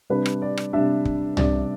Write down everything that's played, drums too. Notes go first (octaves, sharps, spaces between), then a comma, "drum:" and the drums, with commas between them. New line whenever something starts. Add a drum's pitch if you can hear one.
C3 G3 D4 B4
drum: rim click
D5
drum: rim click
C3 G3 D4 E5
drum: kick
C3 G3 D4 D5, drum: tom